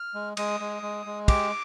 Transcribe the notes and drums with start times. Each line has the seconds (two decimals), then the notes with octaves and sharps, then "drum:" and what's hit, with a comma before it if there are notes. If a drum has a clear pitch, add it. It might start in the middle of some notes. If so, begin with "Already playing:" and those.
Already playing: F6
0.14 G#3
0.37 G#3 D#6, drum: cymbal
0.60 G#3
0.83 G#3
1.06 G#3
1.28 G4 D6, drum: kick, cymbal